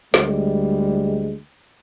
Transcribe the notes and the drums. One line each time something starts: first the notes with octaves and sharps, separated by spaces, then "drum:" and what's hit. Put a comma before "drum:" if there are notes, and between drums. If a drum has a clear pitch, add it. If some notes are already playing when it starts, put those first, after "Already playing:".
D2 G3 G#3, drum: snare